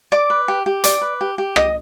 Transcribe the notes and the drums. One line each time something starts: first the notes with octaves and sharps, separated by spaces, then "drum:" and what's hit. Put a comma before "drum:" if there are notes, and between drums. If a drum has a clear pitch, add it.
D5 D6
B4
G4
G4
D5 D6, drum: hi-hat
B4
G4
G4
D#5 D#6, drum: rim click